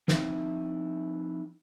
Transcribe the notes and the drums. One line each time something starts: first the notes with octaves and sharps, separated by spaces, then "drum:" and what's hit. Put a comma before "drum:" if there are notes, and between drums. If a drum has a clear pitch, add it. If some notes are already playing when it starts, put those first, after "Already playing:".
F3 C4 D#4 E4 F5, drum: snare